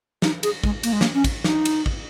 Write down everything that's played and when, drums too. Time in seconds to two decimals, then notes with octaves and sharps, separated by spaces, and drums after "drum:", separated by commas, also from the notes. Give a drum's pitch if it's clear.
0.22 D#4, drum: snare
0.43 G#4, drum: cymbal
0.64 G#3, drum: kick
0.83 A#3, drum: cymbal
0.93 G#3
1.01 A#3, drum: snare
1.14 C#4
1.24 drum: kick, cymbal
1.44 D#4, drum: snare
1.65 drum: cymbal
1.86 drum: kick